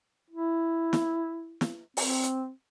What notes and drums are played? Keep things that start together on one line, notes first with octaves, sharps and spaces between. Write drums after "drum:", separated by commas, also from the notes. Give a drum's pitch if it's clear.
E4
drum: snare
drum: snare
C4, drum: open hi-hat
drum: hi-hat